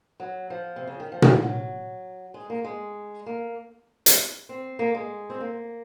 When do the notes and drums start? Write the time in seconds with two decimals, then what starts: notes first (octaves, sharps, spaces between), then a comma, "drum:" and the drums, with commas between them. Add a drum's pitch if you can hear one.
0.20 F#3
0.50 F3
0.76 C3
0.87 C#3
1.00 D#3
1.12 F3
1.22 drum: tom A#2
1.42 F#3
2.34 G#3
2.50 A#3
2.64 G#3
3.26 A#3
4.06 drum: hi-hat
4.49 C4
4.79 A#3
4.95 G#3
5.30 C4
5.41 A#3